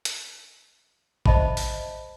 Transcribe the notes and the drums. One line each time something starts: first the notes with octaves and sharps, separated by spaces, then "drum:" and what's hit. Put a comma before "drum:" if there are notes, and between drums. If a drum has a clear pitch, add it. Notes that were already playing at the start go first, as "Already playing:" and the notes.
drum: hi-hat
C5 D#5 E5 A5 B5, drum: kick G#1
drum: open hi-hat